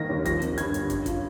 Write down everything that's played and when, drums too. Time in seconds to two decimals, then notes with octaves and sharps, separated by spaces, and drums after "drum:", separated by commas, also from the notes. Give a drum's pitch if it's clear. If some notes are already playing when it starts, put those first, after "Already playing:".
Already playing: D#3 A#3 A#6
0.09 D#2
0.25 F3 A#6, drum: kick, hi-hat
0.42 C4, drum: hi-hat
0.58 G2 G#6, drum: hi-hat
0.74 G1, drum: hi-hat
0.90 C#4, drum: kick, hi-hat
1.06 F4, drum: kick, hi-hat